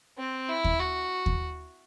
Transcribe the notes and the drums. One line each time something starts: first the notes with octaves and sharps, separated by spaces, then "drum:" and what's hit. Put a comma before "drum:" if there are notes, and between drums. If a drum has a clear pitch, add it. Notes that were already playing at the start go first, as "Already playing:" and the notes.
C4
E4
drum: kick D#2
F#4
drum: kick D#2